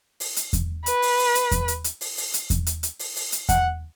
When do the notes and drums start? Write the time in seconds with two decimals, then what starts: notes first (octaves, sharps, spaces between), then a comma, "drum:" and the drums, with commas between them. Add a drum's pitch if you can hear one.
0.20 drum: open hi-hat
0.36 drum: hi-hat
0.53 drum: kick E2, hi-hat
0.86 B4, drum: hi-hat
1.02 drum: open hi-hat
1.19 drum: open hi-hat
1.35 drum: hi-hat
1.51 drum: kick E2, hi-hat
1.68 drum: hi-hat
1.84 drum: hi-hat
2.01 drum: open hi-hat
2.17 drum: open hi-hat
2.34 drum: hi-hat
2.50 drum: kick E2, hi-hat
2.66 drum: hi-hat
2.83 drum: hi-hat
2.99 drum: open hi-hat
3.16 drum: open hi-hat
3.32 drum: hi-hat
3.49 F#5, drum: kick E2, hi-hat